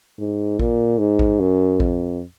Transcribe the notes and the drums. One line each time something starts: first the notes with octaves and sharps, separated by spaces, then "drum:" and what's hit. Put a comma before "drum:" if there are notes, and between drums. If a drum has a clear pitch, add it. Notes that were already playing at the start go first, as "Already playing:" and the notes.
G#2
A#2, drum: kick A1
G#2
drum: kick A1
F#2
F2, drum: kick A1